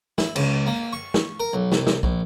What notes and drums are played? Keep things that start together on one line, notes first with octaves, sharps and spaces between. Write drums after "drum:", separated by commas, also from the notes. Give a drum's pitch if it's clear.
E4, drum: snare
C#2, drum: cymbal
A#3
C#6
drum: snare
A#4
B1
C2, drum: snare
drum: snare
A#1, drum: kick